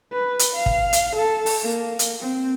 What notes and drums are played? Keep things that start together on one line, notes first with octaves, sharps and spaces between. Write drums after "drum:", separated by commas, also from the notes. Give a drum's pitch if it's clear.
B4
drum: hi-hat
F5
drum: kick
drum: hi-hat
A4
drum: open hi-hat
A#3
drum: hi-hat
C4